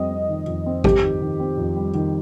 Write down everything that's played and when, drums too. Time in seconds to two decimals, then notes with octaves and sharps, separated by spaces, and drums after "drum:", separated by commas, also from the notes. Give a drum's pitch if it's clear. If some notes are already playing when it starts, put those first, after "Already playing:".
Already playing: F2 G3 C4 D#5
0.10 C4
0.29 D#3
0.47 F2
0.66 C4
0.84 C4 G4, drum: kick A1
1.03 D#3
1.21 D#3
1.40 C4
1.58 F2
1.76 G3
1.95 D#3